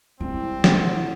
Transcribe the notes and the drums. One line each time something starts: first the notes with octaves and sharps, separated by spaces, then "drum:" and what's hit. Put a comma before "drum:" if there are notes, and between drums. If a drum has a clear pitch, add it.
C2 G#3 C4 E4
A2 F#5, drum: snare